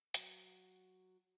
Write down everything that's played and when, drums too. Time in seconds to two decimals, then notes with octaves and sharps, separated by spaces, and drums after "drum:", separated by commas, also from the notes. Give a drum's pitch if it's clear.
0.14 F#3, drum: hi-hat